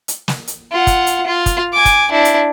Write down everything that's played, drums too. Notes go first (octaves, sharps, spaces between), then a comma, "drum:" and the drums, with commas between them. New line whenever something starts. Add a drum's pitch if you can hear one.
drum: hi-hat
drum: snare
drum: hi-hat
F4 F#5
drum: kick, hi-hat
drum: hi-hat
F4
drum: kick, hi-hat
G#5 D6
drum: kick, hi-hat
D4 E4
drum: hi-hat